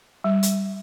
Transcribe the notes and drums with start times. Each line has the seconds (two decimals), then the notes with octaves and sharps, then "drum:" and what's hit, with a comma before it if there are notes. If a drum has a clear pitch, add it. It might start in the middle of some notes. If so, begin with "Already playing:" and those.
0.24 G3
0.43 drum: hi-hat